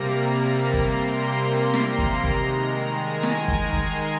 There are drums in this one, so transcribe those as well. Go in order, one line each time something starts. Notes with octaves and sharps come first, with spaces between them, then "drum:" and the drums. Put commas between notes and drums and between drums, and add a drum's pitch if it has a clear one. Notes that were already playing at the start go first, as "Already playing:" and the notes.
Already playing: C3 G3 A#3 A#5
C6, drum: kick
drum: snare
drum: kick
D#3 G#3 A#5, drum: kick
A#5
G#5
drum: snare
A#5
drum: kick
C6, drum: kick